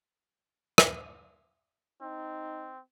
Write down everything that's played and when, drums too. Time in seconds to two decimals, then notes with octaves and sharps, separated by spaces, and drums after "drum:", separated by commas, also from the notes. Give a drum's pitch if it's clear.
0.78 drum: rim click
2.02 C4 D#4